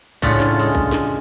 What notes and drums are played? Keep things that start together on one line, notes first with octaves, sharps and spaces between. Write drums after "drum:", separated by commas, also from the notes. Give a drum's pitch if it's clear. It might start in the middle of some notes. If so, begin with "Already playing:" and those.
A2 C#3 D4 F4 F#5, drum: kick
drum: snare
G#3
drum: kick
drum: snare